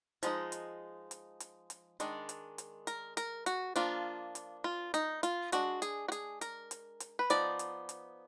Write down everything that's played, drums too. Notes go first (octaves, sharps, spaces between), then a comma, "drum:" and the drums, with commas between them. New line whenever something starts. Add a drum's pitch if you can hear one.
F3 G#3 D#4, drum: hi-hat
drum: hi-hat
drum: hi-hat
drum: hi-hat
drum: hi-hat
D#3 G#3 D4, drum: hi-hat
drum: hi-hat
drum: hi-hat
A#4, drum: hi-hat
A#4, drum: hi-hat
F#4, drum: hi-hat
F3 A#3 D4 F4, drum: hi-hat
drum: hi-hat
F4
D#4, drum: hi-hat
F4, drum: hi-hat
G#3 D4 F#4, drum: hi-hat
G#4, drum: hi-hat
F#4
G#4, drum: hi-hat
A#4, drum: hi-hat
drum: hi-hat
drum: hi-hat
B4
F3 B3 D#4 D5, drum: hi-hat
drum: hi-hat
drum: hi-hat